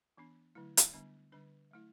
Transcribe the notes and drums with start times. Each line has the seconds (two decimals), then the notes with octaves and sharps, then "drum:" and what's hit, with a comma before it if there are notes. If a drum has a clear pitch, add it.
0.17 E3 B3 D4
0.55 D3 F#3 A3 E4
0.77 drum: hi-hat
0.93 D3 G3 B3 D4
1.32 D3 G3 D4 B4
1.71 F#3 A3 E4